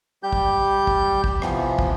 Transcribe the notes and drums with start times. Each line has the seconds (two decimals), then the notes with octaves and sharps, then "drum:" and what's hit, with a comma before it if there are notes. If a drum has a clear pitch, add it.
0.23 G3 G4 G6
0.33 drum: kick
0.87 drum: kick
1.24 drum: kick
1.42 C3 E3 F3 B3, drum: rim click
1.79 drum: kick